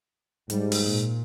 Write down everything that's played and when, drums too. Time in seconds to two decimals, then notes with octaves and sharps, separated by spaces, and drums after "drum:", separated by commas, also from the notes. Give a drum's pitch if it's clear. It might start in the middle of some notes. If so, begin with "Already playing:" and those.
0.50 G#2 G3, drum: hi-hat
0.72 drum: open hi-hat
0.85 A#2